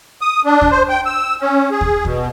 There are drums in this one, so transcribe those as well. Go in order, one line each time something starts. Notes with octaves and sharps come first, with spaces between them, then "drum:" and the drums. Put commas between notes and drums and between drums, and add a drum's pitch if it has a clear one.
D#6
D4
drum: kick
C5
G5
E6
C#4
G#4
drum: kick
B2, drum: kick